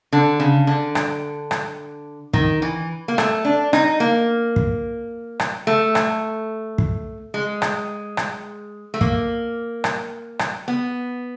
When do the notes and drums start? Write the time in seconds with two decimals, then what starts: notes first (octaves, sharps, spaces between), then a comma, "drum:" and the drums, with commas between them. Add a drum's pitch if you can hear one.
0.13 D3
0.40 C#3
0.67 D3
0.95 drum: rim click
1.51 drum: rim click
2.33 D#3, drum: kick
2.62 E3
3.08 A#3
3.18 A3, drum: rim click
3.45 D4
3.73 D#4, drum: rim click
4.00 A#3
4.56 drum: kick
5.40 drum: rim click
5.67 A3
5.95 drum: rim click
6.78 drum: kick
7.34 G#3
7.62 drum: rim click
8.17 drum: rim click
8.94 A3
9.01 A#3, drum: kick
9.84 drum: rim click
10.39 drum: rim click
10.68 B3